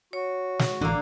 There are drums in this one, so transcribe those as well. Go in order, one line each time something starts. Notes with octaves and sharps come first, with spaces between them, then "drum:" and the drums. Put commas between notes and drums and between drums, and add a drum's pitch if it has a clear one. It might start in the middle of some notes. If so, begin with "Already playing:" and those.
F#4 C#5
drum: snare
A1 D3 E3 A#3 D4